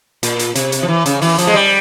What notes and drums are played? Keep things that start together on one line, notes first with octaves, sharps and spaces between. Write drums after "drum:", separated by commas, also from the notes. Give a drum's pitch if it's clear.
A#2, drum: hi-hat
drum: hi-hat
C3, drum: hi-hat
drum: hi-hat
F3
E3
C#3, drum: hi-hat
E3, drum: open hi-hat
F3, drum: hi-hat
G#3
G3